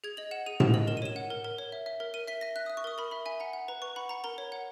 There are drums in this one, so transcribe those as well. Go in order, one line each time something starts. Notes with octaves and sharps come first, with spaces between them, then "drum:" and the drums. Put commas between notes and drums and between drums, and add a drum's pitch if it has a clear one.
G#4 G#6
D#5 F#7
F#5 E7
G#4 D#7
G#4 E7, drum: tom A2
D#5 F#7
A#4 E7
D#7
C#5 E7
F#5
A#4
A#4
C#5
E5
E5
A#4
A#4 D#7
E5 B6
E5 A#6
E5 F#6
E5 D#6
C#6
A#4 D#6
A#4 B5
E5 B5
E5 G#5
F#5 A#5
F#5
B4 A#5
B4 C#6
F#5 B5
F#5 A#5
A#4 A#5
C#5
F#5